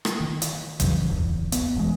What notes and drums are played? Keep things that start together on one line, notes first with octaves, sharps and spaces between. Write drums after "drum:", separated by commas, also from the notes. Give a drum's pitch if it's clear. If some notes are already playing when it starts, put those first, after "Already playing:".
drum: rim click
D#3
drum: hi-hat
G2 C#3 E3 F#3, drum: kick, hi-hat
D1 A#1 E2
B3, drum: hi-hat
E1 G2 E3 G#3